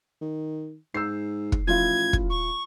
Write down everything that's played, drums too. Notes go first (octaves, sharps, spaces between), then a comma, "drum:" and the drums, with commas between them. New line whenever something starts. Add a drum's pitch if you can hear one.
D#3
G#2 E6 G6 C7
drum: kick
A1 F3 E4 F4 G#6
drum: kick
C#6